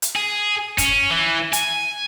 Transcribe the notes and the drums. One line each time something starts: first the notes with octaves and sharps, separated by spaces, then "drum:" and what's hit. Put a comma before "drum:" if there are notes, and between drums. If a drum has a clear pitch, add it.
drum: hi-hat
G#4
C#4, drum: kick, hi-hat
E3
G#5, drum: hi-hat